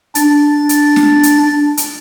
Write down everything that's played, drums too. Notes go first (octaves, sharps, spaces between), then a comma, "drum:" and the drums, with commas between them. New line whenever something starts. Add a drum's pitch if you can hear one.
D4 A6, drum: hi-hat
drum: hi-hat
drum: snare
drum: hi-hat
drum: hi-hat